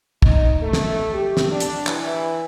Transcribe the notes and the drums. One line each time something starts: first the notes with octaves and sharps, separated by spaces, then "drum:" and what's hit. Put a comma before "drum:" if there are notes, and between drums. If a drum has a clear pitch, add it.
D#4, drum: kick
A3
drum: snare
G4
drum: snare
D4
drum: hi-hat
E3, drum: clap